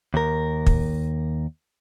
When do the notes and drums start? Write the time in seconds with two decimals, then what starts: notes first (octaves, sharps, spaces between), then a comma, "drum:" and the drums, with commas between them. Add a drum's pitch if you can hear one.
0.14 D#2 A#4
0.66 drum: kick